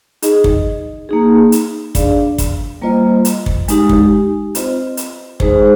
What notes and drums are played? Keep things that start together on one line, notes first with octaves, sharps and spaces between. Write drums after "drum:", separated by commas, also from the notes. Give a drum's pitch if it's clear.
D#4 G#4 D#5, drum: hi-hat
drum: kick
A#3 D#4 G#4
drum: hi-hat
D4 G#4 D5 F5, drum: kick, hi-hat
drum: kick, hi-hat
G3 A#3 F4 C5 D#5
drum: hi-hat
drum: kick
G#3 D#4 G4, drum: hi-hat
drum: kick
C4 F4 C5 D#5, drum: hi-hat
drum: hi-hat
G#3 D#4 G#4 C5, drum: kick